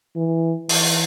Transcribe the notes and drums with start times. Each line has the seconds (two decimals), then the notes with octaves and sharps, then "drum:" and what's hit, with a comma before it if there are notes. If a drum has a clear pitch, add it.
0.16 E3
0.69 E3, drum: open hi-hat